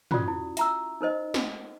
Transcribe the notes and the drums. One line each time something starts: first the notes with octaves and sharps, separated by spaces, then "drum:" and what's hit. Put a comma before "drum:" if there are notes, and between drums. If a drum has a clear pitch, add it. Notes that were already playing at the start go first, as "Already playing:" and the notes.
C#4 F4 F#4 D5 D#6, drum: tom
E4
E5 A#5 E6, drum: hi-hat
D#4 A#4 C5 D#5
drum: snare